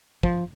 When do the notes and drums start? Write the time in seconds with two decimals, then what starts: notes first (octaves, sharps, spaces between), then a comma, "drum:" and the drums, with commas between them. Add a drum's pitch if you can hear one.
0.23 F3, drum: kick